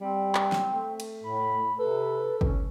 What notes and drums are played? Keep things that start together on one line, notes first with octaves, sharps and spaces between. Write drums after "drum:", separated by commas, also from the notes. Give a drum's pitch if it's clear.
G3 C4
drum: clap
drum: snare
A3
drum: cymbal
A2 B5
C3 A4 B4
C#4, drum: kick